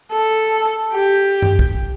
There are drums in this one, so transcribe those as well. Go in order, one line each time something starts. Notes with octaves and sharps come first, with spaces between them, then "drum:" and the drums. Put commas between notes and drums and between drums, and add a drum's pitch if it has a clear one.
A4
G4
drum: tom G2
drum: kick